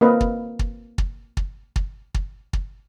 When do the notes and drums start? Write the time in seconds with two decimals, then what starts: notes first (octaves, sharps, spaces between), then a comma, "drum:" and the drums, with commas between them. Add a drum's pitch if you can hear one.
0.01 A#3 C4 A#4 B4 D#5
0.21 drum: kick
0.59 drum: kick
0.98 drum: kick
1.37 drum: kick
1.76 drum: kick
2.14 drum: kick
2.53 drum: kick